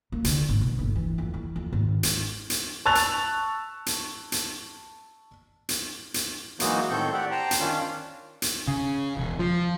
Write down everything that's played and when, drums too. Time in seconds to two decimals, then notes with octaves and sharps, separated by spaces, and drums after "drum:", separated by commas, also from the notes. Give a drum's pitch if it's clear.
0.12 A#3
0.24 D3, drum: hi-hat
0.49 G#1
0.61 B1
0.79 G1
0.95 E3
1.18 F2
1.34 E3
1.56 F2
1.73 G#1
2.03 E4, drum: hi-hat
2.50 drum: hi-hat
2.86 A5 C#6 E6 F#6 A6 F7
2.95 drum: hi-hat
3.86 drum: hi-hat
4.32 drum: hi-hat
5.69 drum: hi-hat
6.14 drum: hi-hat
6.60 E3 F#3 G#3 A#3 D#4 F#4, drum: hi-hat
6.90 A2 D#3 C4 A4 C#6 G6
7.13 G4 D5 F#5
7.31 C5 G5 A5 A#5
7.51 drum: hi-hat
7.60 D#3 C#4 D4 F4
8.42 drum: hi-hat
8.68 C#3
9.17 E1
9.39 F3